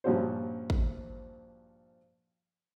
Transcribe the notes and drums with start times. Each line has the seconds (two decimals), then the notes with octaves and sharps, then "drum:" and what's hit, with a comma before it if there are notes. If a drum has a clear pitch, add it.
0.04 G2 A#2 F3 C#4 F#4 C5
0.70 drum: kick